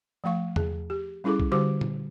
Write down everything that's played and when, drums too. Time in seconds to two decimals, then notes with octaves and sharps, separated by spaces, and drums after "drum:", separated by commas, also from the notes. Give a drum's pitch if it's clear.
0.24 F3 A3 F5 C#6
0.56 G#4, drum: tom E2
0.90 G4
1.24 G3 C#4 E4 G#4 A4 D6
1.40 drum: kick B1
1.51 D3 G3 F#4 G4 C5 D6
1.81 drum: tom A#2